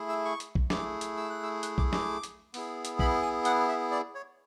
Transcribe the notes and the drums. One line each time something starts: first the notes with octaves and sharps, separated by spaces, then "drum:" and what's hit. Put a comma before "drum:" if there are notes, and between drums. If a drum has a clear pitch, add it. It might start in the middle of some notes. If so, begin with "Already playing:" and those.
Already playing: A3 E4 G#4
E6
C#6
drum: hi-hat
drum: kick A#1
A3 E4 G#4 D6, drum: snare
drum: hi-hat
E6
F#6
E6
F#6, drum: hi-hat
D6, drum: kick A#1
D6, drum: snare
drum: hi-hat
B3 E4 G#4, drum: open hi-hat
drum: hi-hat
B5, drum: kick A#1
G#5
F#5, drum: hi-hat
E5
D5
C#5